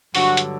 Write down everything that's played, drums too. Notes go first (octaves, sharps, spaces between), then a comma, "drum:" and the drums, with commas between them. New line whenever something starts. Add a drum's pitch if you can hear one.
G2 D3 F#3 F#4, drum: open hi-hat
drum: hi-hat